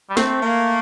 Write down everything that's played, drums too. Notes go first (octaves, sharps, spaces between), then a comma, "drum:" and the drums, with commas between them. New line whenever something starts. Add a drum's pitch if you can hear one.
G3
A3 C4, drum: snare
A#3